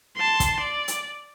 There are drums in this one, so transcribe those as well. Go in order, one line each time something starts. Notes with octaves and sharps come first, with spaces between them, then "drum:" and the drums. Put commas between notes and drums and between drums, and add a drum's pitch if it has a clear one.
A5 C6
drum: kick, hi-hat
D5
drum: hi-hat